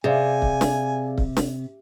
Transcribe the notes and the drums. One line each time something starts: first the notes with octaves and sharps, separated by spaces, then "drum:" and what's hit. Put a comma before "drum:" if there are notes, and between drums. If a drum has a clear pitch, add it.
C3 G#4 D5 F5 G#5
drum: kick C#1
drum: snare
drum: kick C#1
drum: snare